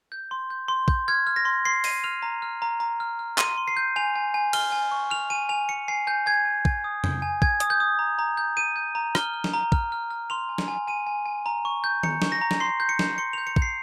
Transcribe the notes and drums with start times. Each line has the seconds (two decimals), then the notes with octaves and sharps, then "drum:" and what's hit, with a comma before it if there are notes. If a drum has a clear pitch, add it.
0.12 G6
0.31 C6
0.50 G6
0.68 C6
0.88 G6, drum: kick
1.08 F6 G#6
1.27 F6
1.36 A#6
1.45 C6
1.65 C6 C7
1.84 C6 D#7, drum: open hi-hat
2.04 F6 F7
2.23 A#5
2.42 F6
2.62 A#5
2.80 A#5
3.00 F6
3.19 F6
3.38 C6 D#7, drum: clap
3.58 C6
3.68 C7
3.77 G6
3.96 G#5 F7
4.16 G#5
4.34 G#5
4.53 F6 G7, drum: cymbal
4.72 G#5
4.92 C#6
5.10 F6 F7
5.30 G#5 D#7
5.49 G#5 F7
5.69 G#5 C#7
5.88 G#5 C7
6.07 G#5 G6
6.26 G#5 G#6
6.45 G#5
6.65 G#5, drum: kick
6.84 D#6
7.04 G6, drum: tom
7.22 G#5
7.42 G#5 G#6, drum: kick
7.60 D#6, drum: hi-hat
7.70 G6
7.80 D#6
7.99 A#5
8.19 A#5
8.37 G6
8.57 G6 D#7
8.76 G6
8.95 A#5
9.15 F6 G7, drum: rim click
9.33 F6
9.44 drum: snare
9.53 A#5
9.72 F6, drum: kick
9.92 F6
10.11 F6
10.30 C6 F7
10.49 G#5
10.58 drum: snare
10.68 G#5
10.87 G#5 D#7
11.07 G#5
11.26 G#5
11.46 A#5
11.65 C#6
11.84 G6
12.03 A#5 C#7, drum: tom D#3
12.22 C#6, drum: snare
12.32 A#6
12.41 A#5
12.51 drum: snare
12.60 C6 C7
12.80 G6
12.89 C#7
12.99 G6, drum: snare
13.18 C6 C#7
13.33 G6 F7
13.47 C#7
13.56 G6, drum: kick
13.62 C7